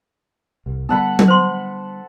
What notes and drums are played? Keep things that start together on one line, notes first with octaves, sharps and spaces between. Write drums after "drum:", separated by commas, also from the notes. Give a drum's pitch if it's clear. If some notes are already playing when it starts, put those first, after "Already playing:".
C2
D3 G3 B3 A4 F#5 B5
drum: tom F#3
C5 C6